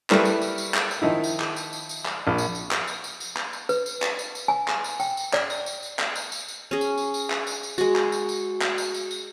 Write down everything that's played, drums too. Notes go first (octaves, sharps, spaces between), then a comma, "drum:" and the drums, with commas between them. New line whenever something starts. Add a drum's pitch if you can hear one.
G3 A3 E4 A#4 B4, drum: clap
drum: tambourine
drum: tambourine
drum: tambourine
drum: clap
drum: tambourine
D#3 F3 D#4 E4
drum: tambourine
drum: clap
drum: tambourine
drum: tambourine
drum: tambourine
drum: clap
A#1
drum: tambourine
drum: tambourine
drum: clap
drum: tambourine
drum: tambourine
drum: tambourine
drum: clap
drum: tambourine
B4, drum: tambourine
drum: tambourine
drum: clap
drum: tambourine
drum: tambourine
G#5
drum: clap
drum: tambourine
G5, drum: tambourine
drum: tambourine
D5, drum: clap
drum: tambourine
drum: tambourine
drum: tambourine
drum: clap
drum: tambourine
drum: tambourine
drum: tambourine
C#4 G#4
drum: tambourine
drum: tambourine
drum: tambourine
drum: clap
drum: tambourine
drum: tambourine
G#3 F#4, drum: tambourine
drum: clap
drum: tambourine
drum: tambourine
drum: clap
drum: tambourine
drum: tambourine
drum: tambourine